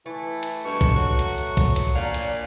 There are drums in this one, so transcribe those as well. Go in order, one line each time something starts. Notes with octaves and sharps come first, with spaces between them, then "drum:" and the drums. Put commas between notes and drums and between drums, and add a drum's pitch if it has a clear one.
E3 A3 E4
drum: hi-hat
G2 B2 C#6
drum: kick A#1, hi-hat
F#3 F#4
drum: hi-hat
drum: hi-hat
drum: kick A#1, hi-hat
drum: hi-hat
A#2 D4 F5
drum: hi-hat